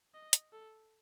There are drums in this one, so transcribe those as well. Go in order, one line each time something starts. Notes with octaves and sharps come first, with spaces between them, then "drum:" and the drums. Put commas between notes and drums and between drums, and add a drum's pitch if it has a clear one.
D#5
drum: hi-hat
A4